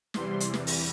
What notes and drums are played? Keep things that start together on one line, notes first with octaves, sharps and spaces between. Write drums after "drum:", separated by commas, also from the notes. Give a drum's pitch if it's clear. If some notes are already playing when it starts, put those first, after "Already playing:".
E2 C3 E3 G3 C6, drum: snare
drum: hi-hat
drum: snare
drum: open hi-hat